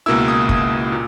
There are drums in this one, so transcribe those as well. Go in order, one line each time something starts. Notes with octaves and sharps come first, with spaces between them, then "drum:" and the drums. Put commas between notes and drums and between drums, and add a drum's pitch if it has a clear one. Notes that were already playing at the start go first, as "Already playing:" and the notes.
C#2 B2 A#3 E4 E6
D#6
D#6, drum: kick
A#2